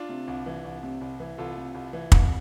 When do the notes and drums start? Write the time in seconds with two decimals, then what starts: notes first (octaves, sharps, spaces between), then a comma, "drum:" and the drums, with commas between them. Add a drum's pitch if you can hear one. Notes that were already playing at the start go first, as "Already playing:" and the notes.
Already playing: D4 F4
0.09 C3
0.28 C2
0.46 E3
0.65 C2
0.83 C3
1.01 C2
1.20 E3
1.38 C2 F4 A4
1.57 C3
1.75 C2
1.93 E3
2.12 C2, drum: kick